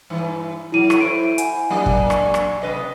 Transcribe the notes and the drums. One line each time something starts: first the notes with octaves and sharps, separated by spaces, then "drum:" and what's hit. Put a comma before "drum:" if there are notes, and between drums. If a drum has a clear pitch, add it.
G2 E3
A2 F#3 E4 D#7
drum: rim click
E4 A4 C5 D7
F#5 G#5, drum: hi-hat
F#3 A#3 D4
drum: kick
drum: rim click
drum: rim click
C3 B4 D#5